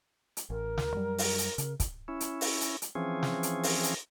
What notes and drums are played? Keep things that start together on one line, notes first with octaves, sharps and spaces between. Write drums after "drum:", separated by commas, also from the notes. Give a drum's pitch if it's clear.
drum: hi-hat
A1 A#4
D2, drum: snare
F#2 F#3 G3
drum: open hi-hat
drum: hi-hat
C#3, drum: hi-hat
drum: kick, hi-hat
C#4 E4
drum: hi-hat
drum: open hi-hat
drum: hi-hat
drum: hi-hat
E3 F3 C4 C#4 G#4
drum: snare
drum: hi-hat
drum: open hi-hat
drum: hi-hat